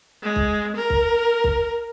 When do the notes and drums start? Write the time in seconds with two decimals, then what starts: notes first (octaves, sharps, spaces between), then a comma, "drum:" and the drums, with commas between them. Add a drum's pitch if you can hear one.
0.22 G#3
0.36 drum: kick
0.76 A#4
0.90 drum: kick
1.44 drum: kick